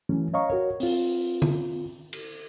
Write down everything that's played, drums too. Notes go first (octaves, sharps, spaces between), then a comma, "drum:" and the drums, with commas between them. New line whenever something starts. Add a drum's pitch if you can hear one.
E3 F#3 A3 C#4
C#5 D#5 F5 A#5 C#6
F#4 A#4 C#5
C4 F4, drum: open hi-hat
drum: tom D3
drum: cymbal